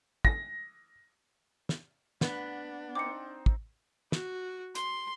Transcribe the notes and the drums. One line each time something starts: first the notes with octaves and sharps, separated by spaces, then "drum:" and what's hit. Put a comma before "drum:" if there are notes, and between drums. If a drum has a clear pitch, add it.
A#6, drum: kick
drum: snare
B3 D4, drum: snare
C4 D#4 D6 C#7
drum: kick
F#4, drum: snare
C6, drum: hi-hat